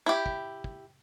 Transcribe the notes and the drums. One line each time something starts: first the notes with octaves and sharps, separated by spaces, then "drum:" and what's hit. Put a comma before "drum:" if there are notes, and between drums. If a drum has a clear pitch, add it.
E4 G4
drum: kick
drum: kick